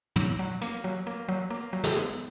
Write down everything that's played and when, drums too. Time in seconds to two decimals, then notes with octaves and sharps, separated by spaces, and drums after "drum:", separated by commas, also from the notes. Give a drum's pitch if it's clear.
0.16 F#3, drum: tom
0.39 F#3
0.62 A#3, drum: hi-hat
0.84 F#3
1.07 A#3
1.29 F#3
1.50 A#3
1.73 F#3
1.84 drum: snare
1.96 B3